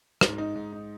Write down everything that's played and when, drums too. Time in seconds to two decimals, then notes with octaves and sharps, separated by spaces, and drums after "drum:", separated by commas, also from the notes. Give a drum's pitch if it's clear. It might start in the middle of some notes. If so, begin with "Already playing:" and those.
0.21 G#2, drum: rim click
0.38 D#4
0.56 G#2
0.72 D#4